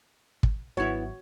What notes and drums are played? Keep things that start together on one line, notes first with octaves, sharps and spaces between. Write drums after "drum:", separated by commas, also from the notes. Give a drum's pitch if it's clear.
drum: kick
G#1 F#3 B3 E4 F#4 C#5